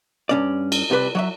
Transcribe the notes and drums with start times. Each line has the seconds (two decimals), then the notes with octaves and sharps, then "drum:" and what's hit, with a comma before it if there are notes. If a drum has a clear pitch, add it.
0.29 G2 C#4 D5
0.72 drum: cymbal
0.90 C2 C3 F4 B4 D5
1.15 F#3 D5 E5